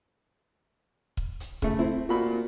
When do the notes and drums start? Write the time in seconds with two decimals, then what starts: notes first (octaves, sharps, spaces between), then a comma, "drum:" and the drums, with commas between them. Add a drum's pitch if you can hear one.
1.17 drum: kick C#1
1.40 drum: hi-hat
1.62 C#3 A3, drum: kick C#1
1.79 C4 E4
2.09 A#2 F#4 B5